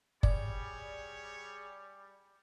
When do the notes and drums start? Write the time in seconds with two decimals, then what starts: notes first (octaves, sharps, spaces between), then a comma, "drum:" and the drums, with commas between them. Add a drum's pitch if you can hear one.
0.23 G3 G#4 C#5 D5, drum: kick F#1